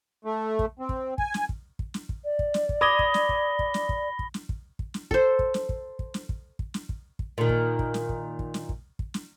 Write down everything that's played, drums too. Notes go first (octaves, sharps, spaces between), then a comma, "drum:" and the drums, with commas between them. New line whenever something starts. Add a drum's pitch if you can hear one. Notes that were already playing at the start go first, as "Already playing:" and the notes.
A3
drum: kick
C4
drum: kick
G#5, drum: kick
drum: snare
drum: kick
drum: kick
drum: snare
drum: kick
D5
drum: kick
drum: snare
drum: kick
B5 D6 D#6 G#6 A#6 G7
drum: kick
drum: snare
drum: kick
drum: kick
drum: snare
drum: kick
drum: kick
drum: snare
drum: kick
drum: kick
drum: snare
A4 C5, drum: kick
drum: kick
drum: snare
drum: kick
drum: kick
drum: snare
drum: kick
drum: kick
drum: snare
drum: kick
drum: kick
A#2 D#3
drum: kick
drum: kick
drum: snare
drum: kick
drum: kick
drum: snare
drum: kick
drum: kick
drum: snare